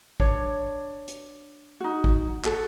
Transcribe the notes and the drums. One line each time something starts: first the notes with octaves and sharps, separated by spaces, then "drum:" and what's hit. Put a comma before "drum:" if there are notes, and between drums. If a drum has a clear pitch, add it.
D4 C#5, drum: kick
drum: hi-hat
D#4 F#4
drum: kick
F#4 A4, drum: clap